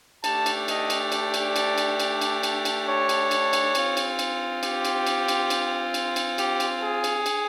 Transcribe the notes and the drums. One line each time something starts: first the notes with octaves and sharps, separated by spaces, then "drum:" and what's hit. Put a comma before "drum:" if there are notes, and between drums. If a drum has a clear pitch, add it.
A3 D4 G4 A5, drum: cymbal
drum: cymbal
D#5, drum: cymbal
drum: cymbal
D5, drum: cymbal
drum: cymbal
drum: cymbal
drum: cymbal
drum: cymbal
drum: cymbal
drum: cymbal
drum: cymbal
C#5
drum: cymbal
drum: cymbal
drum: cymbal
C4 F4, drum: cymbal
drum: cymbal
drum: cymbal
G4, drum: cymbal
drum: cymbal
drum: cymbal
drum: cymbal
drum: cymbal
drum: cymbal
drum: cymbal
G4, drum: cymbal
drum: cymbal
G#4
drum: cymbal
drum: cymbal